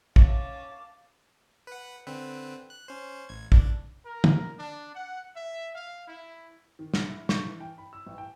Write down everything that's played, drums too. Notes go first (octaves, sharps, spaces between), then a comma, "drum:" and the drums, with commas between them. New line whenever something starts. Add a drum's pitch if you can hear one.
B1 C#4 E5 F5 A5 D6, drum: kick
B4 F#5
D3 C4 B4
F#6
C#4 C5
A1 G#6
D4, drum: kick
A#4
drum: tom
D4
F#5
E5
F5
E4
D#3
F6, drum: snare
E4
C#6, drum: snare
E3
G5
B5
E6
A1
G5